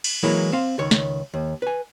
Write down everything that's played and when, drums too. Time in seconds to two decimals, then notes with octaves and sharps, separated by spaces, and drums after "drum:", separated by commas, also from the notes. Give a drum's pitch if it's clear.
0.04 drum: cymbal
0.23 E3 F#3 G#3 A#3 E4
0.52 C4 F5
0.79 C#2 D#3 C#5
0.91 drum: snare
1.34 D#2
1.62 B4 G#5